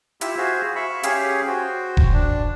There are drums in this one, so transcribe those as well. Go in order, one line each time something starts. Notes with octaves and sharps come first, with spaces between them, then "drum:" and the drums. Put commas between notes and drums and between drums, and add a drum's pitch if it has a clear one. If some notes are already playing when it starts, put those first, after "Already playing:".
E4 F4 G4 E5, drum: hi-hat
F#4 G#4 C5 F5
E5 F5 B5 C#6
C#4 G4 G#4 F5, drum: hi-hat
F#4 C5 G5
drum: kick E1
D4